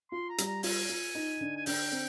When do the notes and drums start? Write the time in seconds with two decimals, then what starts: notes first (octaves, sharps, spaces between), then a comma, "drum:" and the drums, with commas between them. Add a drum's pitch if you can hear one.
0.12 F4 C6
0.29 A#5
0.38 G3, drum: hi-hat
0.46 A#5
0.63 F4 G#5, drum: open hi-hat
0.89 F4
1.15 D#4
1.41 D3
1.57 G#5
1.66 D3 G5, drum: open hi-hat
1.92 C4